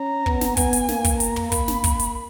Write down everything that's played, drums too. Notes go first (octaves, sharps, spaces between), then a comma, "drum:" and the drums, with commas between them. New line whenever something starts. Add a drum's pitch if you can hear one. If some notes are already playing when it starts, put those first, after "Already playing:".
Already playing: C#4 A#5
B3, drum: kick
drum: snare
B3 G#5, drum: kick, hi-hat
drum: hi-hat
A#3, drum: snare
drum: kick, hi-hat
A#5, drum: hi-hat
drum: tom
A#3 B5, drum: kick, hi-hat
drum: snare
drum: kick, hi-hat
drum: hi-hat